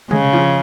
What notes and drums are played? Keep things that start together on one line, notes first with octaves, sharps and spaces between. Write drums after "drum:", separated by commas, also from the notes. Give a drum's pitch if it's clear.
C#3 G#3, drum: tom
F3